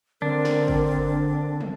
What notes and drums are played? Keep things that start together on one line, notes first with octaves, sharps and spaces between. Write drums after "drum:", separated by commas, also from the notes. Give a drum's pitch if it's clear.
D3 C4 D4 A#4
drum: snare
drum: kick
drum: tom